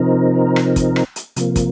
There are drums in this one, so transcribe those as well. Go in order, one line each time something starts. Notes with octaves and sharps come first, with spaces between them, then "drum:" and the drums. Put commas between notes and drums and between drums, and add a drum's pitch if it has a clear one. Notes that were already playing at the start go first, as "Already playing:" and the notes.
Already playing: C3 F3 C4 D#4 A#4
drum: rim click
drum: kick, hi-hat
drum: rim click
drum: hi-hat
C3 F3 A#3, drum: hi-hat
drum: kick, hi-hat